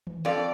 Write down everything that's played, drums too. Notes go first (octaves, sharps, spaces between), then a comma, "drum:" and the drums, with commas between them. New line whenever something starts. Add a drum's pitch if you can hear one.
drum: tom D#3
F2 D5